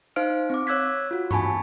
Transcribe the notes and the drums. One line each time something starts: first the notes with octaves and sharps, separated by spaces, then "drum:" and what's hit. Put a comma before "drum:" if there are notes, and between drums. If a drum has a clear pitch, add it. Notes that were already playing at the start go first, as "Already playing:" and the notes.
D#4 C5 F5 F6 D7
C4 D6
C#5 E6 F#6 G#6 B6
F4 F#4
G#5 A5 B5 C#6, drum: tom G2